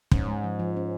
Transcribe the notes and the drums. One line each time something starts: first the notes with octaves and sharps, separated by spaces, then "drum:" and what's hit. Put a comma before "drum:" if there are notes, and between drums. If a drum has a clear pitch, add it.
G#2 C#4, drum: kick
G#3
F3
F3
C#4